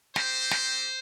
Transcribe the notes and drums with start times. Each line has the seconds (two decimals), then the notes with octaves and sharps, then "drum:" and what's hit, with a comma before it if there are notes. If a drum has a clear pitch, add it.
0.16 C4 G4 C5, drum: snare
0.51 drum: snare